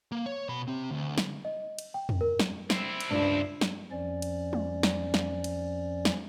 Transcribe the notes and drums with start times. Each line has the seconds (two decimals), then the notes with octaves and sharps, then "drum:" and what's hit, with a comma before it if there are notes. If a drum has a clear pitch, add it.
0.12 A#3
0.26 C#5
0.49 B2 B5
0.68 C4 G4
0.91 D2
1.18 drum: snare
1.45 D#5
1.79 drum: cymbal
1.94 G5
2.09 drum: tom
2.21 A#4
2.40 drum: snare
2.70 C4 E4, drum: snare
3.00 drum: cymbal
3.10 C#2 G2 D4
3.61 drum: snare
3.91 F2 F3 C#4 D5
4.22 drum: cymbal
4.53 drum: tom
4.83 drum: snare
5.14 drum: snare
5.44 drum: cymbal
6.05 drum: snare